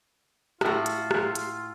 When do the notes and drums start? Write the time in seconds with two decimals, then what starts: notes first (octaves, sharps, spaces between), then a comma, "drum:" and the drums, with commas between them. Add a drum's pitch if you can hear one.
0.61 A2 F4 F#4, drum: rim click
0.86 drum: hi-hat
1.11 drum: rim click
1.35 drum: hi-hat